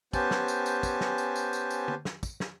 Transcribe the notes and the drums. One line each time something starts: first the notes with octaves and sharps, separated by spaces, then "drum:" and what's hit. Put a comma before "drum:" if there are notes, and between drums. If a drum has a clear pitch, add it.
B3 C#4 G4 C5 G#5 A5, drum: kick, tambourine
drum: snare
drum: tambourine
drum: tambourine
drum: kick, tambourine
drum: snare
drum: tambourine
drum: tambourine
drum: tambourine
drum: tambourine
drum: tom
drum: snare
drum: kick, tambourine
drum: snare